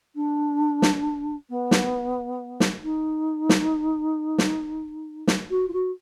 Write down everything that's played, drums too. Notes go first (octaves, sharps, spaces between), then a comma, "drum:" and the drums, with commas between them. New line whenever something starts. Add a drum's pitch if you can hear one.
D4
drum: snare
B3
drum: snare
drum: snare
D#4
drum: snare
drum: snare
drum: snare
F#4
F4
F#4